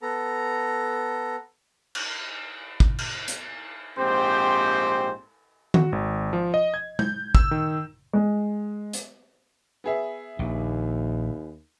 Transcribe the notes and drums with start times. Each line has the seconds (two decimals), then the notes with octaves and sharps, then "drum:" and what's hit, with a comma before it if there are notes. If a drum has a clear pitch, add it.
0.02 B3 A4 A#5
1.95 drum: cymbal
2.80 drum: kick
2.99 drum: cymbal
3.28 drum: hi-hat
3.98 A#1 G#2 C4 G4 C5
5.74 F#4, drum: tom D#3
5.92 G#1
6.33 F3
6.54 D#5
6.74 G#6
6.99 G6, drum: tom G#3
7.35 E6, drum: kick
7.51 D#3
8.13 G#3
8.93 drum: hi-hat
9.84 B3 G#4 E5
10.39 A#1 D#2